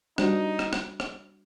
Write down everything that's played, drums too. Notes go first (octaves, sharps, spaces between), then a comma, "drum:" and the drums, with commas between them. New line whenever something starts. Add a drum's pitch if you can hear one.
G3 D4 D#4 F#4 C5, drum: rim click
drum: rim click
drum: rim click
drum: rim click